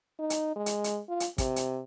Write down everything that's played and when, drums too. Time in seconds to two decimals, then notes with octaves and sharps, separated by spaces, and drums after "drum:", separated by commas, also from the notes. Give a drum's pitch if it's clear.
0.19 D#4
0.30 drum: hi-hat
0.56 G#3
0.66 drum: hi-hat
0.84 drum: hi-hat
1.09 F4
1.20 drum: hi-hat
1.38 C3, drum: kick, hi-hat
1.56 drum: hi-hat